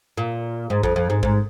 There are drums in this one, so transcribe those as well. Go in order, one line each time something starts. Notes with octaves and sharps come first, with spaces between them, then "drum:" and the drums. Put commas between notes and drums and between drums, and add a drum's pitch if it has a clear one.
A#2
G#2
F2, drum: kick A1
F2
G#2
G#2, drum: kick A1